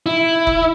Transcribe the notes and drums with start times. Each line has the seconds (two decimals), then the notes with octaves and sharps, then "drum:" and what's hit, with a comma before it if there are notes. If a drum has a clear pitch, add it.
0.06 E4
0.47 drum: kick F1